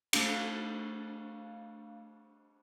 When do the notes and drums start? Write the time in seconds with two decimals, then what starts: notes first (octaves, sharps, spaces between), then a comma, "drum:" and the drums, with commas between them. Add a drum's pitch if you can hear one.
0.13 A3 D4 F5, drum: cymbal